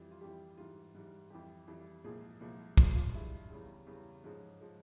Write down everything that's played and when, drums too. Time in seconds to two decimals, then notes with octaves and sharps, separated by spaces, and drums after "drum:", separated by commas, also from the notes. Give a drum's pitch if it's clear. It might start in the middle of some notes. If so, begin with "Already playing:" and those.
Already playing: F2 E3 G3
0.11 F4
0.21 F2 E3 G3 G4
0.57 G#2 E3 G3 F4
0.95 G#2 E3 G3
1.30 F2 E3 G3 G4
1.68 F2 E3 G3
2.04 C2 A#2 F3 G#3 G#4
2.41 C2 A#2 F3 G#3
2.77 G2 F3 G#3 F4, drum: kick
2.95 F4
3.14 G2 F3 G#3 E4
3.51 E2 C#3 G3
3.87 E2 C#3 G3
4.24 G#2 F3 G#3 C#4
4.61 F3 G#3